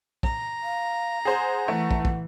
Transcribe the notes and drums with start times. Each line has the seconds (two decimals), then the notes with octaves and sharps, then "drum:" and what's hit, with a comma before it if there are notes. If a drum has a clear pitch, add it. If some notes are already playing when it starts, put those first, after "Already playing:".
0.23 A#5, drum: kick
0.63 F5
1.25 G#4 C5 F#5
1.68 E3 A3
1.91 drum: kick
2.05 drum: kick